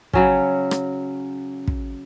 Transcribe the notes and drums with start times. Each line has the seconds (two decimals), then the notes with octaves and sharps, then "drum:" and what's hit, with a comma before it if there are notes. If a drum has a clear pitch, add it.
0.13 C#3 F#3 C#4, drum: kick
0.71 drum: rim click
1.68 drum: kick